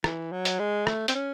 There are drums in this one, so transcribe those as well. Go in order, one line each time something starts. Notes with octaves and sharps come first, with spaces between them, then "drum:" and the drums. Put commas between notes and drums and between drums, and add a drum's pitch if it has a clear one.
E3, drum: rim click
F#3
drum: hi-hat
G#3
A3, drum: rim click
C4, drum: hi-hat
C#4